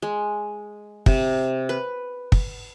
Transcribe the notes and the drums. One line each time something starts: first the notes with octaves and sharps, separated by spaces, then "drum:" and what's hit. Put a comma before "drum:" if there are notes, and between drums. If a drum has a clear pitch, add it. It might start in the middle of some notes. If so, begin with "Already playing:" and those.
G#3
C3, drum: kick
B4
drum: kick